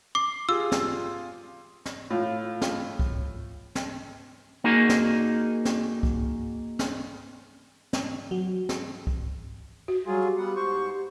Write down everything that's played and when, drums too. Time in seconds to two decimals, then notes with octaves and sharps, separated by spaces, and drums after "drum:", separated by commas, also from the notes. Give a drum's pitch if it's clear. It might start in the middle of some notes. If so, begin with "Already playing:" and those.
0.15 D6 C7
0.49 F4 G4 G#4 E6
0.72 drum: snare
1.86 drum: snare
2.10 A2 F4
2.61 drum: snare
2.99 drum: kick C2
3.75 drum: snare
4.64 A#3 D#4 F#4 G#4 A#4
4.89 drum: snare
5.65 drum: snare
6.03 drum: kick C2
6.79 drum: snare
7.93 drum: snare
8.31 F#3
8.69 drum: snare
9.07 drum: kick C2
9.88 F#4
10.06 F#3 G3 F4 G#4
10.23 G4
10.38 G3 B3 F#5
10.56 G#2 C5 C#6